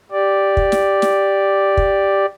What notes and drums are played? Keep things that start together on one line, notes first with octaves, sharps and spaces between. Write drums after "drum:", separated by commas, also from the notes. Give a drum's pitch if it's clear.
G4 D5
drum: kick
drum: snare
drum: snare
drum: kick